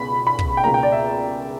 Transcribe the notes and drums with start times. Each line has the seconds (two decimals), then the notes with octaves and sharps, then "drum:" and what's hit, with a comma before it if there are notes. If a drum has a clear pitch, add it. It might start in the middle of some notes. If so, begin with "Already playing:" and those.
Already playing: C#2 B2 B5
0.27 B5
0.39 drum: kick
0.57 G5
0.64 C#2 B2 A#3 A#5
0.74 G5
0.83 D5
0.92 E5